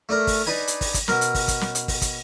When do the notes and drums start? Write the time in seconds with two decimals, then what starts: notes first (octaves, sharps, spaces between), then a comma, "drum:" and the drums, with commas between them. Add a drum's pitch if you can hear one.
0.09 A3 D4 A#4
0.27 drum: kick, open hi-hat
0.46 D4 D#4 B4 G#5
0.67 drum: hi-hat
0.81 drum: kick, open hi-hat
0.94 drum: kick, hi-hat
1.08 B2 A#4, drum: snare
1.21 drum: hi-hat
1.35 drum: kick, open hi-hat
1.48 drum: kick, hi-hat
1.61 drum: snare
1.75 drum: hi-hat
1.88 drum: kick, open hi-hat
2.02 drum: kick, hi-hat